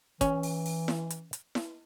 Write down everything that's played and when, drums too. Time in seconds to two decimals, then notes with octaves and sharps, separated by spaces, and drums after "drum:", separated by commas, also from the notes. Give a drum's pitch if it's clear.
0.21 E3 C#4, drum: kick, hi-hat
0.43 drum: open hi-hat
0.66 drum: open hi-hat
0.88 drum: snare E4
1.10 drum: hi-hat
1.33 drum: hi-hat
1.55 drum: snare E4